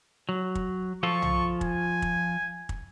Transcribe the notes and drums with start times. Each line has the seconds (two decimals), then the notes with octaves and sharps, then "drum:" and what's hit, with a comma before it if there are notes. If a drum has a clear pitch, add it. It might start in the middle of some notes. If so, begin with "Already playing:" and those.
0.29 F#3
0.55 drum: kick
1.03 F3 F4 A4 C#6
1.22 drum: tom
1.61 G#5, drum: kick
2.02 drum: kick
2.69 drum: kick